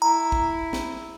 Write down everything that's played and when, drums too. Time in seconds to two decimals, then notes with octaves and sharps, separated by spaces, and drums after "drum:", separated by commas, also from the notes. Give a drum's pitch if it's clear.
0.02 E4 A#5
0.32 drum: kick
0.73 drum: snare